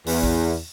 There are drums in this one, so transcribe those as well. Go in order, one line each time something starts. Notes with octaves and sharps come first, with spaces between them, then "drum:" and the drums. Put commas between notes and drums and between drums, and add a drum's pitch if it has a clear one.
E2, drum: open hi-hat
drum: kick A1